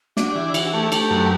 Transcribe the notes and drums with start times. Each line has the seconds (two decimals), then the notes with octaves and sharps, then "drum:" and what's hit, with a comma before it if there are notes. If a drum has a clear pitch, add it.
0.17 D4 F#4, drum: snare
0.31 E3 G4
0.44 E4
0.54 E3 F#4, drum: cymbal
0.73 A3 G4
0.92 A3, drum: cymbal
1.10 F#2